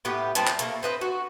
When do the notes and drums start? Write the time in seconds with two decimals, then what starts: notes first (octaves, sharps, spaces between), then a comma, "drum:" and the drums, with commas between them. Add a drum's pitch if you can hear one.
0.05 A2 B3 G4
0.35 F3 G3 B3 C4, drum: hi-hat
0.47 drum: clap
0.59 A3 A#3 A#4, drum: hi-hat
0.83 C4 B4 D#5
1.01 F#4